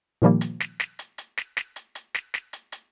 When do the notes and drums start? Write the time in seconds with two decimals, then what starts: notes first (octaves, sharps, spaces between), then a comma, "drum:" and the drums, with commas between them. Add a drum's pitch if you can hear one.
0.22 A#2 D#3 F3 G3 A#3
0.41 drum: hi-hat
0.60 drum: snare
0.80 drum: snare
0.99 drum: hi-hat
1.18 drum: hi-hat
1.37 drum: snare
1.57 drum: snare
1.76 drum: hi-hat
1.95 drum: hi-hat
2.14 drum: snare
2.34 drum: snare
2.53 drum: hi-hat
2.72 drum: hi-hat